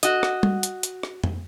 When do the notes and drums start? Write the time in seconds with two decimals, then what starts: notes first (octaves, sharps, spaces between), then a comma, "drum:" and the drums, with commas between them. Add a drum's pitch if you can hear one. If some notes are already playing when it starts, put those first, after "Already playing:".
0.03 F#4 D#5, drum: hi-hat
0.23 drum: rim click
0.43 drum: tom G3
0.63 drum: hi-hat
0.83 drum: hi-hat
1.03 drum: rim click
1.24 drum: tom F2